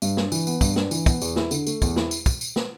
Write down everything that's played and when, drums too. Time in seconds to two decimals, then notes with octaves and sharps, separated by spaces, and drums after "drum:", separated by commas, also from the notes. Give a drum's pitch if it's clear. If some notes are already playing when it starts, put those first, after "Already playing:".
0.02 G2, drum: tambourine
0.17 D4, drum: snare
0.32 E3, drum: tambourine
0.47 B3, drum: tambourine
0.61 G2, drum: kick, tambourine
0.76 D4, drum: snare
0.91 E3, drum: tambourine
1.06 B3, drum: kick, tambourine
1.22 E2, drum: tambourine
1.36 E4, drum: snare
1.51 D3, drum: tambourine
1.67 A3, drum: tambourine
1.82 E2, drum: kick, tambourine
1.96 E4, drum: snare
2.11 drum: tambourine
2.26 drum: kick, tambourine
2.41 drum: tambourine
2.56 drum: snare